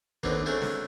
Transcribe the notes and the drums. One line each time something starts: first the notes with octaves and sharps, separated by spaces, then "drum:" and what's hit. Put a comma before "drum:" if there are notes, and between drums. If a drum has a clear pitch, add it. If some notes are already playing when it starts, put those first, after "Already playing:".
D#2 B2 D3 F#3 B3 C4, drum: kick
F#3 G#3 A3 C4 D4 E4
drum: snare